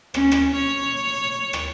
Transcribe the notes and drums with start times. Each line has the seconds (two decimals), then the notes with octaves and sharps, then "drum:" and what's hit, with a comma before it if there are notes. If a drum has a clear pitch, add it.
0.14 C#4, drum: rim click
0.32 drum: rim click
0.55 C#5
1.53 drum: rim click